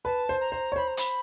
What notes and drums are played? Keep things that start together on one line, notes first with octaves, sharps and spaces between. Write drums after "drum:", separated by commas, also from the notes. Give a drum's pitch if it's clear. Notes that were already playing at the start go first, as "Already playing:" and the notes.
B4 A5
C5
A#5
C5
C#5
C5 B5
A#5
B5, drum: hi-hat